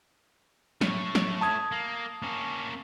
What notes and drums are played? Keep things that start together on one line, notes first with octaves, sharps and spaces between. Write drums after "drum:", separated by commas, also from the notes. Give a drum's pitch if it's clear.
A3 C#5, drum: snare
drum: snare
A5 D#6 G#6
A#3
A#3 C#4